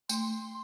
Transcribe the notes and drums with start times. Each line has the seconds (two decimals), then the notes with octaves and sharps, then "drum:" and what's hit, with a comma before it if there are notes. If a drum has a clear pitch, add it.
0.09 A3 C6, drum: tambourine